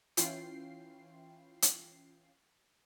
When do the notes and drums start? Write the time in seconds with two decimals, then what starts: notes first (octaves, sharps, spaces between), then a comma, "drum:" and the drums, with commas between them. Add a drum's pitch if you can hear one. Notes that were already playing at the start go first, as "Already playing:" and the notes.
0.17 E3 C#4 E4 F4 G5 C7, drum: hi-hat
1.62 drum: hi-hat